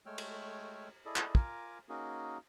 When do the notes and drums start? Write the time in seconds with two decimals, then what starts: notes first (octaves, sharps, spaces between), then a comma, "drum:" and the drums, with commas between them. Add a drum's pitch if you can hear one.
0.06 G#3 A3 C#5 G5 E6 F6
0.18 drum: cymbal
1.05 E4 G#4 A4 D5 D#5
1.16 drum: clap
1.35 F4 A#4 G#5 A#5 D6, drum: kick
1.89 A#3 C#4 D#4 F#4 G#4 A#4